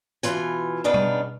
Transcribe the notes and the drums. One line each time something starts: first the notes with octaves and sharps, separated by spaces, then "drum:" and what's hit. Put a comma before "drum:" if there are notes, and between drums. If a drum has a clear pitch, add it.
B2 E3 F4 G#5, drum: hi-hat
C#3 B3 D4 D#4 F5
drum: tom